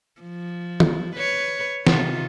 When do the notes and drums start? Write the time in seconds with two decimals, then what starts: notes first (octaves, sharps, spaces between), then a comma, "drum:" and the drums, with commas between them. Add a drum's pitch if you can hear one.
0.21 F3
0.80 drum: tom D#3
1.16 B4 C#5
1.87 C3 D#3 F4, drum: snare